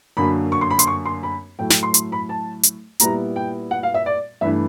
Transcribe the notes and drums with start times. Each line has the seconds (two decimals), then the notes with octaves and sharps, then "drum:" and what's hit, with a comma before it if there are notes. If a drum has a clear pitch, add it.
0.17 F#2 D3 F#3 A#3 B5
0.52 C#6
0.61 C6
0.71 B5
0.79 C6, drum: hi-hat
0.87 C#6
1.06 C6
1.23 B5
1.59 A2 F#3 A3 G5
1.70 G5, drum: snare
1.83 C6
1.94 C6, drum: hi-hat
2.12 B5
2.29 A5
2.63 drum: hi-hat
3.00 A#2 G3 B3 E4 A#5, drum: hi-hat
3.36 G5
3.71 F#5
3.83 F5
3.94 E5
4.06 D5
4.41 G2 E3 A3 D4 E5